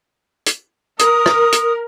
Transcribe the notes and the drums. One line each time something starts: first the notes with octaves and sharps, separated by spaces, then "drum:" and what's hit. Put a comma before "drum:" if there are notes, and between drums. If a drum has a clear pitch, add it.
drum: hi-hat
A#4 D#6, drum: hi-hat
drum: rim click
drum: hi-hat